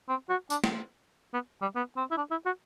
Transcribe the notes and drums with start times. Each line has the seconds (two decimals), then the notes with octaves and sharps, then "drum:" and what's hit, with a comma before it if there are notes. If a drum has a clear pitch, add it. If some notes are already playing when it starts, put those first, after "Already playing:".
0.09 C4
0.29 F#4
0.50 D4, drum: tambourine
0.64 drum: snare
1.34 B3
1.62 G3
1.76 B3
1.97 C4
2.11 E4
2.17 D4
2.31 E4
2.46 F#4